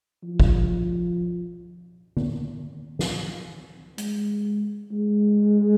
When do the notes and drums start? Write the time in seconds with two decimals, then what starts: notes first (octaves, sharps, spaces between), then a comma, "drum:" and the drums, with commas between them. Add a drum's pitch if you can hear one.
0.23 F3
0.40 drum: kick
2.17 drum: tom D3
2.99 drum: snare
3.98 G#3, drum: hi-hat
4.92 G#3